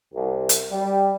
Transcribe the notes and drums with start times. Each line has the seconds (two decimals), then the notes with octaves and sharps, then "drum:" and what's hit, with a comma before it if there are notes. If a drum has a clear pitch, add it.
0.14 C2
0.49 drum: hi-hat
0.71 G3